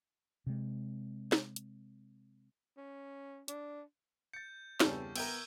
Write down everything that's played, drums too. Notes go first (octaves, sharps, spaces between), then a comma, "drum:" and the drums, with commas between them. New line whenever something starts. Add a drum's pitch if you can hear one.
C3 G#3
drum: snare
drum: hi-hat
C#4
D4, drum: hi-hat
G6 A6 C#7
E2 G2 C#3 G3 C4 A4 C#6, drum: snare
B3 A#4 E5 G5 A#5 E6 G6 G#6, drum: cymbal